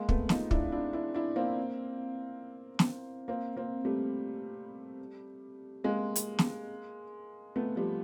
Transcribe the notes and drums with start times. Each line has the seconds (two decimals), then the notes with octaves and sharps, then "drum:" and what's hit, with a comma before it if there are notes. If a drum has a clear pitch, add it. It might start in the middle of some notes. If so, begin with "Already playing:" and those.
Already playing: G#3 A#3
0.09 A3 B3, drum: kick
0.29 D#4 F4, drum: snare
0.51 D4 E4, drum: kick
0.72 D4 E4
0.93 D4 E4
1.15 D4 E4
1.36 A#3 C4
2.79 drum: snare
3.28 A#3 C4
3.56 A#3 C4
3.85 G3 A3
5.84 G#3 A#3
6.16 drum: hi-hat
6.39 drum: snare
7.56 A3 B3
7.76 F3 G3